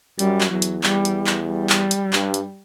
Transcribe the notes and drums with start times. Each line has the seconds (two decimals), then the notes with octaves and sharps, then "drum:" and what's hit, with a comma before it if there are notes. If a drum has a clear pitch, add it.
0.19 F#2 G3, drum: hi-hat
0.41 drum: clap
0.51 E2 F#3
0.62 drum: hi-hat
0.83 G3, drum: clap
1.05 drum: hi-hat
1.27 drum: clap
1.48 G3
1.70 drum: clap
1.91 drum: hi-hat
2.13 G2, drum: clap
2.34 drum: hi-hat